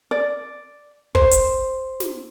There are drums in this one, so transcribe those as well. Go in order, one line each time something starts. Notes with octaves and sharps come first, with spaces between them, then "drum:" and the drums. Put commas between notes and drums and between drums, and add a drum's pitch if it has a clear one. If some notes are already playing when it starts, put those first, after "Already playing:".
D5
C5, drum: kick
drum: hi-hat
drum: snare